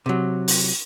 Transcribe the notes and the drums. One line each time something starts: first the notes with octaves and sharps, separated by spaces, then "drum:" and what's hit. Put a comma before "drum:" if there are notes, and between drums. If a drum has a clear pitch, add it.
C3 F#3
drum: open hi-hat